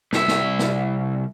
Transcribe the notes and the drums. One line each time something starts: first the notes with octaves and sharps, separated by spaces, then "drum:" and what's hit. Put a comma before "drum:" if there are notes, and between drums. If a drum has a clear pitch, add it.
C2 E5, drum: snare
drum: snare
drum: snare